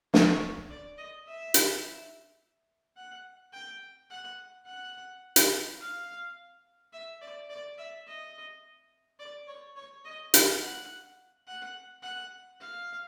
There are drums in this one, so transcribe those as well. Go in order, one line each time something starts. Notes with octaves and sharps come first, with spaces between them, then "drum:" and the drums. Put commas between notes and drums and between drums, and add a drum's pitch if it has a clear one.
C#5, drum: snare
D5
D#5
E5
drum: hi-hat
F#5
G5
F#5
F#5
drum: hi-hat
F5
E5
D5
D5
E5
D#5
D5
C#5
C#5
D#5
F5, drum: hi-hat
F#5
F#5
F#5
F5